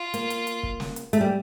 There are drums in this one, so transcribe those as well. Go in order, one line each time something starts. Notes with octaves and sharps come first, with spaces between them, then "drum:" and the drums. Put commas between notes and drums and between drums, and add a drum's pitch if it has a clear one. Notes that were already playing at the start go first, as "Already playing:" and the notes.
Already playing: F4
A#3, drum: hi-hat
drum: hi-hat
drum: hi-hat
drum: kick
drum: snare
drum: hi-hat
A3, drum: hi-hat
G3